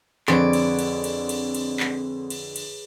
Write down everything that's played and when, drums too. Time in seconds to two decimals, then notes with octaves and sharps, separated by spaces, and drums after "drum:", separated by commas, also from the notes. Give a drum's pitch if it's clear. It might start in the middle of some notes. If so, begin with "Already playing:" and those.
0.28 F2 D3 C4 G#4 B4 C#5 D5, drum: clap
0.53 drum: cymbal
0.79 drum: cymbal
1.04 drum: cymbal
1.29 drum: cymbal
1.55 drum: cymbal
1.80 drum: clap
2.30 drum: cymbal
2.56 drum: cymbal